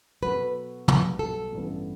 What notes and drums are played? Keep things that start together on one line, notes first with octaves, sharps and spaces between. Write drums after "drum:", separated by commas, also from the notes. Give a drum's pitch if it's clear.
B2 F#3 B3 F#4 A4 B4
B1 B2 G3 B3, drum: tom
A4
A1 G2 E3 B3